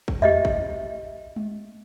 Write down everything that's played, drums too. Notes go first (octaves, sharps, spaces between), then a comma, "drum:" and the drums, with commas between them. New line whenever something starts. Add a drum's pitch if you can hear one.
drum: kick
G4 D#5 E5, drum: tom E2
drum: kick
drum: tom G#3